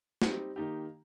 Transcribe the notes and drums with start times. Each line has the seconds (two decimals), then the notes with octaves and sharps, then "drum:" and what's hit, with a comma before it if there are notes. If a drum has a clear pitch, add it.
0.22 G3 C4 D#4 G4, drum: snare
0.56 D#3 A#3 D#4 G4